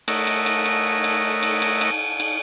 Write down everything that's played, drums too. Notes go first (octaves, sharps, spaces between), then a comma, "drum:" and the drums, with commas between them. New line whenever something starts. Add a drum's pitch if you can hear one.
A3 A#4 C#5 D#5 E5 F#5, drum: cymbal
drum: cymbal
drum: cymbal
drum: cymbal
drum: cymbal
drum: cymbal
drum: cymbal
drum: cymbal
drum: cymbal